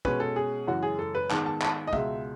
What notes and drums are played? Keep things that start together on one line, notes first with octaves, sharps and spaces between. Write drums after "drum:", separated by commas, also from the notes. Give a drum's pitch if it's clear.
B2 G#3 C#4 B4, drum: kick
A4
G#4
F#2 C#3 E3 G#3 F#4
G#4
A4
B4
G#2 D#3 G#3 B3 A5, drum: clap
A5
A5, drum: clap
D#5
C#2 B2 G#3 E5, drum: kick